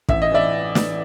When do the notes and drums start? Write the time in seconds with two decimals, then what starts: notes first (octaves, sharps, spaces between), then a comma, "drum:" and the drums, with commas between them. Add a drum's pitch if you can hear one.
0.09 A1 E5, drum: kick
0.22 D#5
0.32 E3 D5 E5
0.75 drum: snare